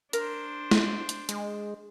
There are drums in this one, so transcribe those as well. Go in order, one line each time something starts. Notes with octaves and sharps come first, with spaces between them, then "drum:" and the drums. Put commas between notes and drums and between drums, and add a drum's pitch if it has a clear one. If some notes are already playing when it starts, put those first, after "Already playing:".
D4 A#4 C5, drum: hi-hat
drum: snare
drum: hi-hat
G#3, drum: hi-hat